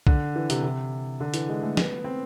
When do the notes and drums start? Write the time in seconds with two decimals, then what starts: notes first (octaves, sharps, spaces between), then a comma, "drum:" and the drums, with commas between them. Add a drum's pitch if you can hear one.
0.07 D3, drum: kick C2
0.36 E3
0.50 C3, drum: hi-hat
0.63 C3
1.20 D3
1.34 E3, drum: hi-hat
1.49 G#3
1.62 A3
1.77 B3, drum: snare
2.04 C4